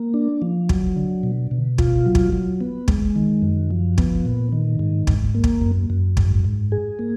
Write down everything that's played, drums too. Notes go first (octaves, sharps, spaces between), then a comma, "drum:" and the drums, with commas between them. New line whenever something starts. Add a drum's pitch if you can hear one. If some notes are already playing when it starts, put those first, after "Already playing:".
Already playing: A#3
D4
F3
F#3, drum: kick
D3
B2
B2
F4, drum: kick
F#3
drum: kick
F#3
B3
G#3, drum: kick
D#3
F#2
F3
B3, drum: kick
A#2
D#3
G#2
G#2, drum: kick
A#3
drum: kick
F#2
F#2
G#2, drum: kick
G#2
G#4
A#3